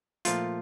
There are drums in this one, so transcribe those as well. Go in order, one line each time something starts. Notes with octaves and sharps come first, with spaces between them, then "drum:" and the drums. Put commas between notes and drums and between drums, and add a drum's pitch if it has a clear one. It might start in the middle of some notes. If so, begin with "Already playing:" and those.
A#2 F3 A3 F4, drum: hi-hat